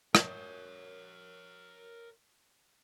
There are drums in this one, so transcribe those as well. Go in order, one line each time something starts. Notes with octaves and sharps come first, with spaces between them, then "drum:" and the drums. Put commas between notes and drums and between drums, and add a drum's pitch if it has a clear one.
A#4 C#5, drum: rim click